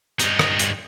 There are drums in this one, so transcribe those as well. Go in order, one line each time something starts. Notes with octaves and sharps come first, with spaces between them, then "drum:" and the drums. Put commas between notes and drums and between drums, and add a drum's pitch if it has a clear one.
G2 D#4, drum: hi-hat
drum: rim click
drum: hi-hat